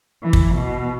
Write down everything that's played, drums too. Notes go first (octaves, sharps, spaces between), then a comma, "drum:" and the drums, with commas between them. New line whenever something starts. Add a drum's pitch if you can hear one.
E3
drum: kick
B2